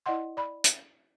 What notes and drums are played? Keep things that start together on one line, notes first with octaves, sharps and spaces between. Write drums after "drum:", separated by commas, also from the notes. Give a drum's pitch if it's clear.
E4 D5 D#5 F#5 C6
D5 B5
drum: hi-hat